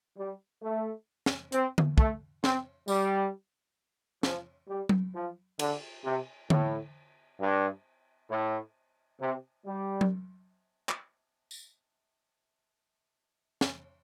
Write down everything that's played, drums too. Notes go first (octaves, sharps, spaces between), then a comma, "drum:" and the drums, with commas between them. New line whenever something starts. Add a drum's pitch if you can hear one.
G3
A3
drum: snare
C4, drum: hi-hat
drum: tom D3
A3, drum: kick
C4, drum: snare
G3, drum: tambourine
F3, drum: snare
G3
drum: tom F#3
F3
D3, drum: cymbal
C3
A2, drum: tom D3
G2
A2
C3
G3
drum: tom F#3
drum: clap
drum: tambourine
drum: snare